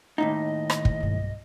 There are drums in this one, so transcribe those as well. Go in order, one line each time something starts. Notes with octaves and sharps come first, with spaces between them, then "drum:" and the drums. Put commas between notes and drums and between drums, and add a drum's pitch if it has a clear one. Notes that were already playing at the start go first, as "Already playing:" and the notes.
D#2 A2 D#4 D#5
drum: rim click
drum: kick
B1 G2